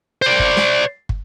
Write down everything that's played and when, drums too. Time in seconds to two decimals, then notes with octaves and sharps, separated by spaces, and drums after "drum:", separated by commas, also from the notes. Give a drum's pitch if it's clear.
0.22 C5 D5
0.39 drum: kick
0.57 drum: snare
1.09 drum: kick